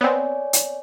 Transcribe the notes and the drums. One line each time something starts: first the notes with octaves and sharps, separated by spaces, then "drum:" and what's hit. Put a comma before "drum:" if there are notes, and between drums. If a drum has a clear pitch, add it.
B3 C4 C#5 D5 G#5
drum: hi-hat